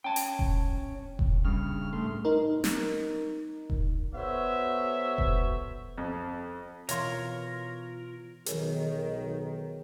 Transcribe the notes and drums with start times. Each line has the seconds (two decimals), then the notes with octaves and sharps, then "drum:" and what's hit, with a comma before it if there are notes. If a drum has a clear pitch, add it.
0.04 C#4 G5 A5
0.16 drum: open hi-hat
0.39 drum: kick E1
1.19 drum: kick E1
1.45 G2 C#3 F6
1.93 A2 A3 C6
2.25 D#4 A#4
2.64 drum: snare
3.70 drum: kick E1
4.14 B3 F#4 A4 C5 C#5 E5
5.18 drum: kick E1
5.98 F2
6.89 B2 E3 F4 A#4 C#5 F5 C6, drum: hi-hat
8.46 B1 D#3 G#4 A#4 C#5, drum: hi-hat